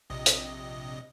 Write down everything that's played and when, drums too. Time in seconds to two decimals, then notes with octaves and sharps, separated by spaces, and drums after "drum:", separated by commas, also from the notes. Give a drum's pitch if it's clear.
0.10 A#1 C3 D#5
0.26 drum: hi-hat